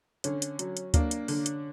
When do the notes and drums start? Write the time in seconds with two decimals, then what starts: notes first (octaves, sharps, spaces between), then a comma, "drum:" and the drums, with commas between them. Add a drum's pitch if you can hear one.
0.24 D3 C#4, drum: hi-hat
0.42 drum: hi-hat
0.59 F#3, drum: hi-hat
0.77 drum: hi-hat
0.94 A#3 D4, drum: kick D2, hi-hat
1.11 drum: hi-hat
1.28 D3, drum: open hi-hat
1.46 drum: hi-hat